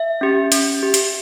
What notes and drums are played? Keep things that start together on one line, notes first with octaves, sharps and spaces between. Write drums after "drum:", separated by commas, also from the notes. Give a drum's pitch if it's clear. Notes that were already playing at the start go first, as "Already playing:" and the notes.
Already playing: E5
C#4 G4
C#4, drum: hi-hat
G4
drum: hi-hat